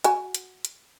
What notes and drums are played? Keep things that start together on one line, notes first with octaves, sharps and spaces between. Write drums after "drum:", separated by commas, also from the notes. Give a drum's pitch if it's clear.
F#4 G#5, drum: hi-hat
drum: hi-hat
drum: hi-hat